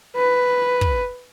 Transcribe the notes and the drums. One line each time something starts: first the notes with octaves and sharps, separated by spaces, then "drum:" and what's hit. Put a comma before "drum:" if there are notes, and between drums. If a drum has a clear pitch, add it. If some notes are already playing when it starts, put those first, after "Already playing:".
B4
drum: kick